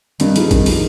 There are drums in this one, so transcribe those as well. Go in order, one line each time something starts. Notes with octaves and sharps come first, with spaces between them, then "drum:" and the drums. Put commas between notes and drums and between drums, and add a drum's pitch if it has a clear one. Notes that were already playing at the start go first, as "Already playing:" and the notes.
G2 D#3, drum: hi-hat
F3 G#3 D#4, drum: hi-hat
G2 D#3, drum: kick A1, hi-hat
F3 G#3 D#4, drum: open hi-hat